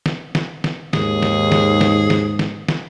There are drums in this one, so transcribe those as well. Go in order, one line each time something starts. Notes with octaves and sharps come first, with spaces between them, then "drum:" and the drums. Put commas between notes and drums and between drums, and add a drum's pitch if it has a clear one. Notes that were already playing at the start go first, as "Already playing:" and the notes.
drum: snare
drum: snare
drum: snare
D#2 G#2 G#4, drum: snare
drum: snare
drum: snare
drum: snare
drum: snare
drum: snare
drum: snare